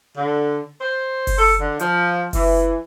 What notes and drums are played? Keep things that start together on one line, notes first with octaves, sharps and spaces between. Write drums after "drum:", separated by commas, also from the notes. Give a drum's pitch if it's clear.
D3
C5
drum: kick F#1, open hi-hat
A4
D3
F3, drum: hi-hat
E3, drum: kick F#1, open hi-hat